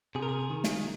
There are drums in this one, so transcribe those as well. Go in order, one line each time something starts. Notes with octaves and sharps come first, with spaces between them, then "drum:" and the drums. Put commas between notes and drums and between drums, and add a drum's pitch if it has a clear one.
C3 G#4
A#4
G#4
D#3
drum: snare